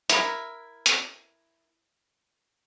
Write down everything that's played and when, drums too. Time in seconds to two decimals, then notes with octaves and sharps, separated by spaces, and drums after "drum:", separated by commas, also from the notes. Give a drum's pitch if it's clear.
0.09 E4 A#4, drum: hi-hat
0.86 drum: hi-hat